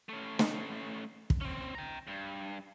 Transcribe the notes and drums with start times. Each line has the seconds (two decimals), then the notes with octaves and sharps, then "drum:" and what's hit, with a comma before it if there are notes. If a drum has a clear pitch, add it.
0.09 A3 C#4
0.39 drum: snare
1.30 drum: kick
1.41 C4 C#4
1.75 G5 A#5
2.07 G2